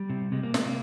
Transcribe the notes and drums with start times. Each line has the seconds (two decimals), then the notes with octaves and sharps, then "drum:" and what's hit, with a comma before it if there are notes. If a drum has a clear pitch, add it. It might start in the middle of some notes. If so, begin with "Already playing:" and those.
Already playing: G3
0.10 C3
0.32 C3 G#3
0.43 A#3
0.54 C3 G#3, drum: snare
0.66 A#3